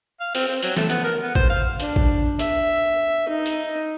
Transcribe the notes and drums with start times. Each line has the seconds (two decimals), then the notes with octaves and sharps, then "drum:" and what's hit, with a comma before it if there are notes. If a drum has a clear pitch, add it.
0.20 F5
0.35 C4, drum: open hi-hat
0.48 C4
0.62 F#3, drum: open hi-hat
0.77 A3, drum: snare
0.90 B3, drum: hi-hat
1.04 A#4
1.23 B3
1.35 C5, drum: kick A1
1.49 F5
1.80 D4, drum: hi-hat
1.96 drum: kick A1
2.39 E5, drum: hi-hat
3.29 D#4
3.46 drum: hi-hat